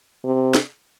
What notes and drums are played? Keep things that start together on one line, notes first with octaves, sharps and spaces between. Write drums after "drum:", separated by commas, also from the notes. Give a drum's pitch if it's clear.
C3
drum: snare